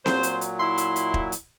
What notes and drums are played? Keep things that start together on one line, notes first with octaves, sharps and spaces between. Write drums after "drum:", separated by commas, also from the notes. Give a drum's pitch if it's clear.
A#2 F#3 C5, drum: snare C4
drum: hi-hat
drum: hi-hat
E4 C6
drum: hi-hat
drum: hi-hat
drum: kick
drum: hi-hat